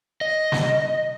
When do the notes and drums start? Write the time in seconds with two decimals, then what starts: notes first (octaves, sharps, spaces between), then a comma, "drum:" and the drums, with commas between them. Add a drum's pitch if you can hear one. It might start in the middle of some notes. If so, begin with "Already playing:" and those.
0.21 D#5
0.52 drum: snare